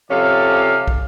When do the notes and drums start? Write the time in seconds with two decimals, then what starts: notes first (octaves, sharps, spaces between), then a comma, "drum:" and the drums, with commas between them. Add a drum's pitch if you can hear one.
0.10 C3 F3 C#4 A4 D5 F5
0.88 drum: kick